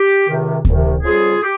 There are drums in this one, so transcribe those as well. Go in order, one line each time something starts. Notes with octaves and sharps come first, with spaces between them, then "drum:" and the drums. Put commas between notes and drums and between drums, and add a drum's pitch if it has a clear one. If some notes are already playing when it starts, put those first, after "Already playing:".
Already playing: G4
C#2 C3 D#3
C2 C3 D#3, drum: kick D2
F2 C#3 G3 F4 G#4
G4